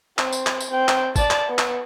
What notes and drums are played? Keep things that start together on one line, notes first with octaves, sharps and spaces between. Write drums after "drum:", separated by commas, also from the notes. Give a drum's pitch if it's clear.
C4, drum: clap
drum: tambourine
drum: clap
drum: tambourine
C4 G5
drum: clap
D5 A5, drum: kick, tambourine
drum: clap
B3
drum: clap